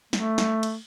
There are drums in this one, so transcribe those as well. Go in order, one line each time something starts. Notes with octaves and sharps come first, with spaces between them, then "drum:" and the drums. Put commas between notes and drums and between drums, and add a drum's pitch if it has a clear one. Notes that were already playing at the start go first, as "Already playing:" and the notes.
A3, drum: snare
drum: snare
drum: cymbal